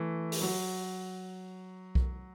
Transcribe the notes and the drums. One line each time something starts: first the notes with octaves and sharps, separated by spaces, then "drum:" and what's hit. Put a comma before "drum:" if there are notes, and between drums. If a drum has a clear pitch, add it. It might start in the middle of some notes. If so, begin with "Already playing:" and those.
Already playing: E3 A3
drum: open hi-hat
F#3
drum: kick B1